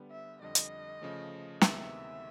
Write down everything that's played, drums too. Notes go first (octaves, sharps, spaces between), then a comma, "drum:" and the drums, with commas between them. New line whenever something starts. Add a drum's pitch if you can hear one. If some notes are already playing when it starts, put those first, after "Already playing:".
Already playing: D3 G3 B3
E5
F2 D3 G3 D#5
drum: hi-hat
C#3 F3 A3
D2 C3 D#3 G#3 B3 E5, drum: snare